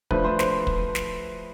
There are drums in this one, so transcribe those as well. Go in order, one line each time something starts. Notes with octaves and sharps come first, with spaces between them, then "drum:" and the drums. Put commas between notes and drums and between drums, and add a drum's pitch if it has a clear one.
F3 A3 D4 B4, drum: kick
C5
C5, drum: snare
drum: kick
drum: snare